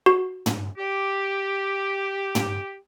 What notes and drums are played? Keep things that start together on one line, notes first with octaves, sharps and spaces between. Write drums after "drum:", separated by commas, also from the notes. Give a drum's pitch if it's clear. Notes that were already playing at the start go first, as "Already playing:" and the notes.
F#4
drum: tom
G4
drum: tom